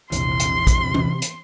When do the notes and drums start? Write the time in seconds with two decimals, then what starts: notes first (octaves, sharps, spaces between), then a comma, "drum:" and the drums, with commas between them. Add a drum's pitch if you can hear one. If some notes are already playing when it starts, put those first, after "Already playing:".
0.12 A#1 E2 C3 E3 C6, drum: hi-hat
0.39 drum: hi-hat
0.67 drum: kick A#1, hi-hat
0.94 drum: tom
1.22 drum: hi-hat